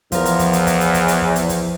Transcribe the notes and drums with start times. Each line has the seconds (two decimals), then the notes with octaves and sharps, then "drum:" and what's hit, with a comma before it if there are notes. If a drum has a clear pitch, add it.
0.12 E2 F3 A#4, drum: kick, hi-hat
0.25 drum: hi-hat
0.39 drum: kick, hi-hat
0.53 drum: hi-hat
0.67 drum: kick, hi-hat
0.81 drum: hi-hat
0.94 drum: kick, hi-hat
1.08 drum: hi-hat
1.22 drum: kick
1.36 drum: hi-hat
1.49 drum: kick, hi-hat